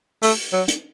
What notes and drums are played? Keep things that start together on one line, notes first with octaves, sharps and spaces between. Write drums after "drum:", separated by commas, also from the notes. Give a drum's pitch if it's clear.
A3, drum: open hi-hat
F#3
drum: hi-hat